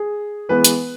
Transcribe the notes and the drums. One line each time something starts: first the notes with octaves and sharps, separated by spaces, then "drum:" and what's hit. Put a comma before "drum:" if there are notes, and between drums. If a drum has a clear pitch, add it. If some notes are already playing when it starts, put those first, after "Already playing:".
Already playing: G#4
E3 G#3 B3 B4
drum: hi-hat